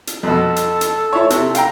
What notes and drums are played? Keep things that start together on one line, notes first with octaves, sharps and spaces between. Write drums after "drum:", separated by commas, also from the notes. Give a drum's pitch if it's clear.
drum: hi-hat
F2 B2 A4
drum: hi-hat
drum: hi-hat
E4 C#5
C3, drum: hi-hat
F5 G5 A#5, drum: hi-hat